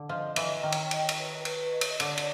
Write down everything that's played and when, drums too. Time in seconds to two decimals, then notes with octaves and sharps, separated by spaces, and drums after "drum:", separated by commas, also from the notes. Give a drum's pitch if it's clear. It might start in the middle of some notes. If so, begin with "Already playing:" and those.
Already playing: D3
0.08 F3 D#5
0.36 E3 D#5, drum: cymbal
0.63 D#3 G5
0.72 drum: cymbal
0.91 D#5, drum: cymbal
1.09 drum: cymbal
1.18 B4
1.45 B4, drum: cymbal
1.72 D#5
1.81 drum: cymbal
2.00 D3 D5, drum: cymbal
2.17 drum: cymbal